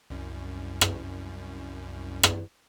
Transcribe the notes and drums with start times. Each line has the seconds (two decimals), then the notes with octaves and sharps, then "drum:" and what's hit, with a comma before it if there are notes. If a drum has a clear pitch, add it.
0.10 C2 F#2
0.81 drum: rim click
2.23 drum: rim click